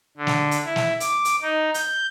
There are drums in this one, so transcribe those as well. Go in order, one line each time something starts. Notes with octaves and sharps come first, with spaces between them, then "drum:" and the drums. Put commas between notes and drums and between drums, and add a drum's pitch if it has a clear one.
D3
drum: snare
drum: hi-hat
E4
drum: snare
D6, drum: hi-hat
drum: hi-hat
D#4
G6, drum: hi-hat